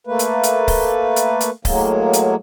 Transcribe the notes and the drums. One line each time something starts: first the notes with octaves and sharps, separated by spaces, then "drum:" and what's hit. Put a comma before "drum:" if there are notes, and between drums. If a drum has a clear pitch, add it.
A3 A#3 B4
drum: hi-hat
drum: hi-hat
drum: kick C#1, open hi-hat
drum: hi-hat
drum: hi-hat
A2 F#3 G#3 A#3, drum: kick C#1, open hi-hat
drum: hi-hat